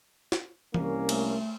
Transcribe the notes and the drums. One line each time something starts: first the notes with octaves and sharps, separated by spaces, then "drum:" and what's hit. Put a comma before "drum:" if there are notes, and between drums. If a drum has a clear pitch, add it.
drum: snare
C2 A#3 C#4, drum: tom E3
A3, drum: cymbal